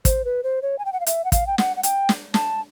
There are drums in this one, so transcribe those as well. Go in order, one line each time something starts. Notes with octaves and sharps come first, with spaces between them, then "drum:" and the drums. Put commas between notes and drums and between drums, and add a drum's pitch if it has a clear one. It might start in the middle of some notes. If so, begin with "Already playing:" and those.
C5, drum: kick, hi-hat
B4
C5
C#5
G#5
G5
F#5
F5
E5, drum: hi-hat
F#5
F5, drum: kick, hi-hat
G5
F#5, drum: snare
F#5
G5, drum: hi-hat
drum: snare
A5, drum: snare